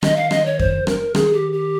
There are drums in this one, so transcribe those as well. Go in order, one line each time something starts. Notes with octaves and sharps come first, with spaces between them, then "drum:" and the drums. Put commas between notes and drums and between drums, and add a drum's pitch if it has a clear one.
D#3 D#5, drum: rim click
F5
D#5, drum: rim click
C#5
C5, drum: kick F2
A#4, drum: rim click
D#3 G#4, drum: rim click
G4
G4